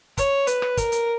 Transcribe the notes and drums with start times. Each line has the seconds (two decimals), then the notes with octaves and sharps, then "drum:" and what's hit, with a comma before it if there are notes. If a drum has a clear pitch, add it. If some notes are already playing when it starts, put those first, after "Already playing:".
0.17 C#5, drum: kick, hi-hat
0.47 B4, drum: hi-hat
0.62 drum: rim click
0.77 A#4, drum: kick, hi-hat
0.92 drum: hi-hat